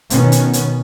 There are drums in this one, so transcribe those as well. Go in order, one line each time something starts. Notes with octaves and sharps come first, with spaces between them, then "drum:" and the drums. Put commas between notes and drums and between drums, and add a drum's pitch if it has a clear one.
B2 D#3 B3 C#4, drum: hi-hat
drum: hi-hat
drum: hi-hat